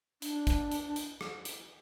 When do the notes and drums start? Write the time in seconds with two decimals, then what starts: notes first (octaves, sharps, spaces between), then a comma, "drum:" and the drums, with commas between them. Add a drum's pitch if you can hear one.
0.22 D4, drum: hi-hat
0.47 drum: kick, hi-hat
0.71 drum: hi-hat
0.96 drum: hi-hat
1.21 drum: rim click
1.45 drum: hi-hat